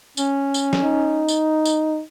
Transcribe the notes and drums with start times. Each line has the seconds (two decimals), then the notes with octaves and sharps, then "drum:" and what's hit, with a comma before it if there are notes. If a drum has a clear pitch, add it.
0.17 C#4, drum: tambourine
0.54 drum: tambourine
0.73 drum: snare
0.84 D#4
1.28 drum: tambourine
1.66 drum: tambourine